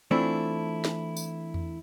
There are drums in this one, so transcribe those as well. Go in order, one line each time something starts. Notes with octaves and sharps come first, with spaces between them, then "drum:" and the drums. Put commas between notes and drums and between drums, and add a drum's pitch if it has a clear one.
E3 A3 C4 D4 E4 F4
drum: snare
drum: tambourine
drum: tom E2